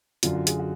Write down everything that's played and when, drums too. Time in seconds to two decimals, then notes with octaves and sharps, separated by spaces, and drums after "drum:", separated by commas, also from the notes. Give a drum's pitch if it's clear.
0.23 F#2 D3 F#3 F4, drum: hi-hat
0.35 F#4
0.47 G#4, drum: hi-hat
0.59 F#4